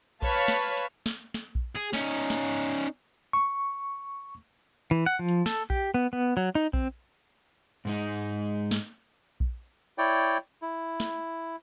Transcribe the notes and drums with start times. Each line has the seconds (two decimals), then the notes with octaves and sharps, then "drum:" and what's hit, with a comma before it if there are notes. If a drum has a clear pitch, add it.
0.22 B4 C#5 F5 A5 B5, drum: kick A#1
0.48 drum: snare
0.77 drum: hi-hat
1.06 drum: snare
1.34 drum: snare
1.55 drum: kick A#1
1.76 G#4, drum: hi-hat
1.93 C#4 D#4, drum: snare
2.30 drum: snare
3.33 C#6
4.91 E3
5.06 F#5
5.19 F3
5.28 drum: hi-hat
5.46 A4, drum: snare
5.70 G4, drum: kick A#1
5.94 B3
6.13 B3
6.37 F#3
6.55 D#4
6.73 C4, drum: kick A#1
7.85 G#2 G#3 D#4
8.71 drum: snare
9.40 drum: kick A#1
9.98 E4 C#5 D5 G5
10.62 E4
11.00 drum: snare